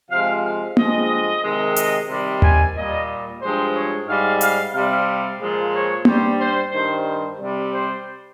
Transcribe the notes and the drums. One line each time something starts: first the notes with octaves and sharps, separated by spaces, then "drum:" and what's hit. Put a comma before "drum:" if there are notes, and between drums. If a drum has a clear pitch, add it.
C3 F3 G#3 F5
F5
G2 F3 G#3 D#5, drum: tom A#3
C3 D#3 G#3
D#5, drum: hi-hat
C3 D#3 G3
G#5, drum: tom D#2
A#2 G3 D#5
G2 F3 G#3 C5
C#5
G#2 G3 F5
F5, drum: hi-hat
C3 G3 F5
A#2 F3 G#3
C#5
G2 G3 C5, drum: tom A#3
C5
G2 D#3 G3 C5
C5
C3 G3
C5